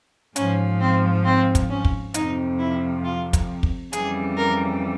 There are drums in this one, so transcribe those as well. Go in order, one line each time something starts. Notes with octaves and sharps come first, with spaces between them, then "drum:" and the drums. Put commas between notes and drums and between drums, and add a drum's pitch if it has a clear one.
G#2 F3 C#4, drum: hi-hat
C4
C4
drum: kick, hi-hat
C#4
drum: kick
F2 C3 F3 D#4, drum: hi-hat
E4
F4
drum: kick, hi-hat
drum: kick
F2 C#3 E3 G3 G#4, drum: hi-hat
A#4